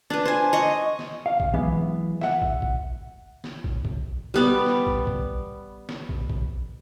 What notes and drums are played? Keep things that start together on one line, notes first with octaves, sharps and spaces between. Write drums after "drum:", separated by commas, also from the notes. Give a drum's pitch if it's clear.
D4 B4
C5 G#5
D#5 C#6
drum: snare
F5
drum: kick
E3 F#3 G#3 B3
E5 F#5, drum: snare
drum: kick
drum: kick
drum: snare
drum: kick
drum: kick
G3 B3 D5
drum: snare
drum: kick
drum: kick
drum: snare
drum: kick
drum: kick